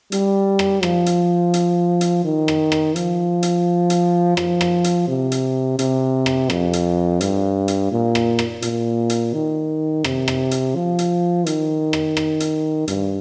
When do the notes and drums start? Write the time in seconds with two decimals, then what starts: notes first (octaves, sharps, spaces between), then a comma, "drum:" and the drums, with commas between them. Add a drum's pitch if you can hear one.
0.12 G3, drum: hi-hat
0.59 drum: rim click
0.83 F3, drum: rim click
1.06 drum: hi-hat
1.54 drum: hi-hat
2.01 drum: hi-hat
2.24 D#3
2.48 drum: rim click
2.72 drum: rim click
2.96 F3, drum: hi-hat
3.43 drum: hi-hat
3.90 drum: hi-hat
4.37 F3, drum: rim click
4.61 drum: rim click
4.84 drum: hi-hat
5.08 C3
5.32 drum: hi-hat
5.79 C3, drum: hi-hat
6.26 drum: rim click
6.50 F2, drum: rim click
6.73 drum: hi-hat
7.21 G2, drum: hi-hat
7.68 drum: hi-hat
7.92 A#2
8.15 drum: rim click
8.39 drum: rim click
8.62 A#2, drum: hi-hat
9.10 drum: hi-hat
9.33 D#3
10.04 C3, drum: rim click
10.28 drum: rim click
10.51 drum: hi-hat
10.75 F3
10.99 drum: hi-hat
11.46 D#3, drum: hi-hat
11.93 drum: rim click
12.17 drum: rim click
12.40 drum: hi-hat
12.88 G2, drum: hi-hat